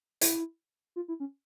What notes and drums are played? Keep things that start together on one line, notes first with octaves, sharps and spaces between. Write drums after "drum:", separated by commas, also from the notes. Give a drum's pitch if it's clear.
E4, drum: hi-hat
F4
E4
C#4